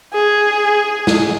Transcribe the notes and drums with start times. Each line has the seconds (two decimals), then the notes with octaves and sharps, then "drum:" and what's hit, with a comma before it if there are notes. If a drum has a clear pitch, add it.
0.14 G#4
1.07 drum: snare